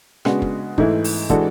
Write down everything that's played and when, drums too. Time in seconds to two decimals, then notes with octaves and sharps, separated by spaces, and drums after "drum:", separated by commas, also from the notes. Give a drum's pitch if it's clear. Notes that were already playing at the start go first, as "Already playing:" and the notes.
0.25 C#3 G#3 B3 D4 F#4, drum: rim click
0.42 drum: kick
0.78 G#2 E3 A3 E4, drum: kick
1.04 drum: open hi-hat
1.30 E3 G#3 D4 F#4 A4, drum: kick